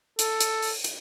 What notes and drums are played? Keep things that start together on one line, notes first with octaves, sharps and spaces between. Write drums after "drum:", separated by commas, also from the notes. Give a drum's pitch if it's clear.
A4, drum: hi-hat
drum: hi-hat
drum: open hi-hat
drum: hi-hat